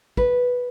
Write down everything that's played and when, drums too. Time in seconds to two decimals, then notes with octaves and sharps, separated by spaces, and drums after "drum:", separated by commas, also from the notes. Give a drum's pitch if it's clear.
0.17 B4, drum: kick